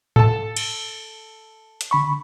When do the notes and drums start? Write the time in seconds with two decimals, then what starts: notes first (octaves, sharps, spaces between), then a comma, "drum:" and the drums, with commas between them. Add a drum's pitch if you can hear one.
0.16 A4 A5, drum: tom G#2
0.57 drum: cymbal
1.81 drum: hi-hat
1.91 D3 B5 C#6